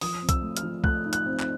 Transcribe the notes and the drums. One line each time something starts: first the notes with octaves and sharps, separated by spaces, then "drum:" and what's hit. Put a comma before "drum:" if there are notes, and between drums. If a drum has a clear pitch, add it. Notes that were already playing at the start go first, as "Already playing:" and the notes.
F3 D#6, drum: open hi-hat
C4
E6, drum: kick C2, hi-hat
A3
F6, drum: hi-hat
F3
A3 F#6, drum: kick C2
D#4
F#6, drum: hi-hat
C4
F#6, drum: clap